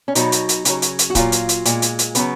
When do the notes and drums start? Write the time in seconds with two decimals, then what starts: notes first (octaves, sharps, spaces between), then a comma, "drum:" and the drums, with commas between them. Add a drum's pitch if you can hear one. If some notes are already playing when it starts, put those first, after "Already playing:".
0.08 C#4
0.15 B2 F#3 D#4, drum: hi-hat
0.32 drum: hi-hat
0.49 drum: hi-hat
0.65 C#3 F#3, drum: hi-hat
0.82 drum: hi-hat
0.99 drum: hi-hat
1.10 F#4
1.15 A#2 F#3 F4, drum: kick C#1, hi-hat
1.32 drum: hi-hat
1.49 drum: hi-hat
1.65 A#2 G#3, drum: hi-hat
1.82 drum: hi-hat
1.99 drum: hi-hat
2.15 C#3 F#3 B3, drum: hi-hat